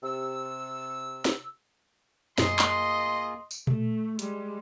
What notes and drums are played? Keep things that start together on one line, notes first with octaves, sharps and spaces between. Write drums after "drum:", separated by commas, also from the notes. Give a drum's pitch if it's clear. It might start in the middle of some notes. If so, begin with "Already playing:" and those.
C3 E6
drum: snare
F#2 B2 A#3 F4 G#4 D#5 C6, drum: snare
drum: clap
drum: tambourine
A3, drum: tom A#2
G3 G#3, drum: hi-hat